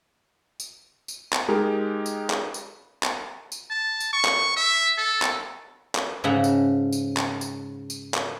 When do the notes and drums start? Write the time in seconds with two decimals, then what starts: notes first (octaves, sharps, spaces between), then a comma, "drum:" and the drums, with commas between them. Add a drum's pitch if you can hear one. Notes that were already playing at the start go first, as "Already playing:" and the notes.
0.60 drum: tambourine
1.08 drum: tambourine
1.33 drum: clap
1.48 G#3 D#4 G4 G#4 A#4
2.06 drum: tambourine
2.30 drum: clap
2.54 drum: tambourine
3.03 drum: clap
3.52 drum: tambourine
3.70 A5
4.00 drum: tambourine
4.13 C#6
4.25 drum: clap
4.56 E5
4.98 A4
5.22 drum: clap
5.95 drum: clap
6.24 G#2 C#3 A4 E5 F#5 A#5
6.44 drum: tambourine
6.92 drum: tambourine
7.17 drum: clap
7.41 drum: tambourine
7.90 drum: tambourine
8.14 drum: clap